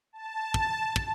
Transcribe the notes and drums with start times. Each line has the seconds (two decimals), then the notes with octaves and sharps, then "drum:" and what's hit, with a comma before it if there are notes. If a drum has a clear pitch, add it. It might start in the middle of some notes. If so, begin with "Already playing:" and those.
0.13 A5
0.54 drum: kick
0.96 drum: kick